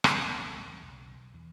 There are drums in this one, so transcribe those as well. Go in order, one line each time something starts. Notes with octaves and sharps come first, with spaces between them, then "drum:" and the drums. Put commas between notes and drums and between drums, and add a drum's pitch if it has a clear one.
drum: rim click
E1 C#2 C3 D#3
G#1 E2 D#3 G3
B1 C#3
E2